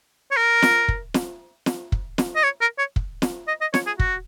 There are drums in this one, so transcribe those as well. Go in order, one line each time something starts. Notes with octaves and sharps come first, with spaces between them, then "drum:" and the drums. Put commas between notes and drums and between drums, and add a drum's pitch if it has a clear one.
C#5
A#4
drum: snare
drum: kick
drum: snare
drum: snare
drum: kick
drum: snare
D#5
C#5
A#4
C#5
drum: kick
drum: snare
D#5
D#5
C#5, drum: snare
G#4
F#4, drum: kick